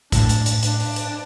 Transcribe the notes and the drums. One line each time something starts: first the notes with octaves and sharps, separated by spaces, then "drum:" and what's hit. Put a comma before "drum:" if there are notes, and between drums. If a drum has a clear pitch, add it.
A2 D4, drum: kick, hi-hat
drum: hi-hat
drum: hi-hat
D4, drum: hi-hat
drum: open hi-hat
drum: hi-hat